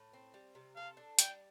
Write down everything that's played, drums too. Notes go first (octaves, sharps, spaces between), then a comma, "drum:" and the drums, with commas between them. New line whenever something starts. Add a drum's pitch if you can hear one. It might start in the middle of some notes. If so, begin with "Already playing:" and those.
Already playing: A2
C4
G3
C3
A4 F5
D4
G3 G5, drum: hi-hat